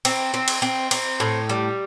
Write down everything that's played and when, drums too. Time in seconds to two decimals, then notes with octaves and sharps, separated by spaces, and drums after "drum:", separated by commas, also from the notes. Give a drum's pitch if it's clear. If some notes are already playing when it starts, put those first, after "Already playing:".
0.05 C4, drum: cymbal
0.34 C4
0.48 drum: cymbal
0.62 C4
0.91 C4, drum: cymbal
1.20 A2
1.49 G3